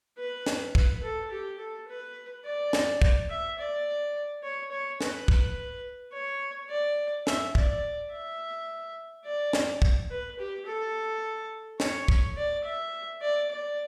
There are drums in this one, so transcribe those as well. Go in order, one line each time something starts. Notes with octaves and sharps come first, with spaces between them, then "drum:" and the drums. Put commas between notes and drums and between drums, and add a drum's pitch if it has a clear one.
B4
drum: snare
B4, drum: kick
A4
G4
A4
B4
D5
drum: snare
drum: kick
E5
D5
C#5
C#5
B4, drum: snare
drum: kick
C#5
D5
E5, drum: snare
D5, drum: kick
E5
D5
drum: snare
drum: kick
B4
G4
A4
C#5, drum: snare
drum: kick
D5
E5
D5
D5